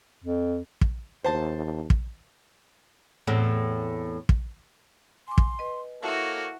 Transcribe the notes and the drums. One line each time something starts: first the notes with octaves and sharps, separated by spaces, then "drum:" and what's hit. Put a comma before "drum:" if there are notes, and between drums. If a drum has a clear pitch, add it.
F2
drum: kick
D#2 C5 A5
drum: kick
E2 A2 C4
drum: kick
G#5 C6 D6
drum: kick
B4 D#5
A#3 E4 F#4 A4 C#5 E5 A5